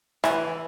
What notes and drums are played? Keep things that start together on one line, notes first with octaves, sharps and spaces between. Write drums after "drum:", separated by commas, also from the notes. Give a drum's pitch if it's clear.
E3, drum: rim click